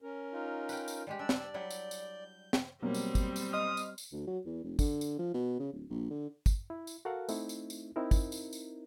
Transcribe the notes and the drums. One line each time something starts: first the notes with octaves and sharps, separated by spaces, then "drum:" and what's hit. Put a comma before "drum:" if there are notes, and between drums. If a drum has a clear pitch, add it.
C#4 A#4
D#4 F4
B4 G5, drum: tambourine
drum: tambourine
G3 G#3 G4
D4 D5 E6
drum: snare
F#3 G3 E4 G6
drum: tambourine
drum: tambourine
drum: snare
B2 F#3 G3 A#3 C4
drum: tambourine
drum: kick, tambourine
drum: tambourine
D#5 C6 D#6 F6
drum: tambourine
drum: tambourine
D2
F#3
E2
F1
D3, drum: kick, tambourine
drum: tambourine
F3
B2
C#3
D1
A#1
D3
drum: kick, tambourine
E4
drum: tambourine
F#4 A4 A#4 F5 F#5
A3 C4 D#4 E4, drum: tambourine
drum: tambourine
drum: tambourine
C4 D#4 E4 A#4
drum: kick, tambourine
drum: tambourine
drum: tambourine